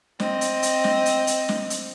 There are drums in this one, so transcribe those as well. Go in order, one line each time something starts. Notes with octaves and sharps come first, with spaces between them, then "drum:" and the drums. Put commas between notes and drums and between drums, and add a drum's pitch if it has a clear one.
C4 D#5, drum: snare
drum: hi-hat
drum: hi-hat
drum: snare
drum: hi-hat
drum: hi-hat
drum: snare
drum: hi-hat